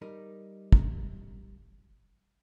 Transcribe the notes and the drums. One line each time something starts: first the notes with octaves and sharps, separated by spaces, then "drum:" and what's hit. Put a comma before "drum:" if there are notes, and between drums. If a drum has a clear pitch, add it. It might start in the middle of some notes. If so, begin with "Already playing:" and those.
G3 D#4 A#4
drum: kick